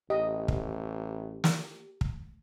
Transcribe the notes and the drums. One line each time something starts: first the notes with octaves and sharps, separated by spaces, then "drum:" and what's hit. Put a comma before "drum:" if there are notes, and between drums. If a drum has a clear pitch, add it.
A1 G4 D#5
drum: kick
drum: snare
drum: kick